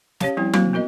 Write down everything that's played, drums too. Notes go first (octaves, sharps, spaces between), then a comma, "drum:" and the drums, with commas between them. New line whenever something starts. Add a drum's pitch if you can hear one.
C#4 G4 C#5 F5 A5, drum: snare
F3 G3 C4 E4 G5
A#3 C4 F#4 C5 F5, drum: tom F#3
B3 F#4 A#4 D#5